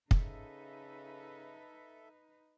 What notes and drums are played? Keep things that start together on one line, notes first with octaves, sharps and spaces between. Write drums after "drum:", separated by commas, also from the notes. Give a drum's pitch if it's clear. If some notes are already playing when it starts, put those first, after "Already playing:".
C#3 D#4 A4 B4 E5, drum: kick